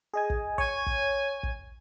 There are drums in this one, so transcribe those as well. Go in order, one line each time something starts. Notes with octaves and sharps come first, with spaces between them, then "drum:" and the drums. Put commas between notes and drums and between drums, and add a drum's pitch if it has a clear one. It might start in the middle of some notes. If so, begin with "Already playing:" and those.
G#4 D#5 G#5
drum: kick
C#5 G#5, drum: kick
drum: kick
drum: kick